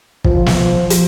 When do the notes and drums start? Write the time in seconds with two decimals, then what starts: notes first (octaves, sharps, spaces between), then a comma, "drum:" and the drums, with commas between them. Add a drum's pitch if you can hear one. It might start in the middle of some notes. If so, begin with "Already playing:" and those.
0.24 F3, drum: kick
0.46 drum: snare
0.90 drum: hi-hat